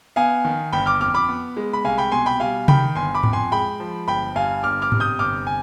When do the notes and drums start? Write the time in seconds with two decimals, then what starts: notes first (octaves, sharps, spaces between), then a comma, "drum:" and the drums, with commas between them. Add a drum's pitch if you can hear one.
0.16 B3 F5 G#5
0.45 D#3
0.73 G1 G5 B5
0.86 D6 F6
1.01 F2 D6 F6
1.14 B5 D6
1.29 B3
1.57 G#3
1.73 B5
1.85 C2 F5 G#5
1.98 G5 B5
2.12 B2 G#5 C6
2.26 G5 B5
2.40 G3 F5 G#5
2.68 D#3 G5 B5, drum: tom C3
2.96 G1 G#5 C6
3.15 B5 D6
3.23 F2, drum: tom G#2
3.33 G#5 C6
3.52 G#3 G5 B5
3.80 F3
4.08 G1 G5 B5
4.36 G2 F5 G#5
4.63 G1 D6 F6
4.82 D6 F6
4.92 C3, drum: tom G#2
5.00 D#6 G6
5.19 G1 D6 F6
5.47 G#5